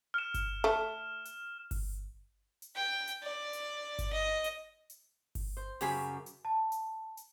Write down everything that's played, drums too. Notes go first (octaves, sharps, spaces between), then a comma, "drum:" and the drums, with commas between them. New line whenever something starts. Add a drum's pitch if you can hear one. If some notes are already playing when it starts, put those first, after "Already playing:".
F6 E7
drum: kick G1, hi-hat
A3
drum: hi-hat
drum: kick G1, open hi-hat
drum: hi-hat
G5
drum: hi-hat
D5
drum: hi-hat
drum: kick G1, hi-hat
D#5
drum: hi-hat
drum: hi-hat
drum: kick G1, open hi-hat
C5
F#2 C#3 G4 G#4 B5, drum: open hi-hat
drum: hi-hat
A5
drum: hi-hat
drum: hi-hat